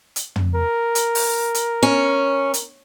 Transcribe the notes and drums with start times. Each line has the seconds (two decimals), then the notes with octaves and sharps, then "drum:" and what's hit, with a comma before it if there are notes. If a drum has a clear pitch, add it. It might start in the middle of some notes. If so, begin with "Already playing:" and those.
0.16 drum: hi-hat
0.36 drum: tom
0.55 A#4
0.95 drum: hi-hat
1.15 drum: open hi-hat
1.55 drum: hi-hat
1.83 C#4
2.54 drum: hi-hat